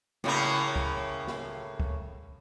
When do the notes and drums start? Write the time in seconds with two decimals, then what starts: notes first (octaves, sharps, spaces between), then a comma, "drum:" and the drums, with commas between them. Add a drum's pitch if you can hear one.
0.24 A2 C#3 A#3, drum: snare
0.76 drum: kick C#2
1.28 drum: snare
1.80 drum: kick C#2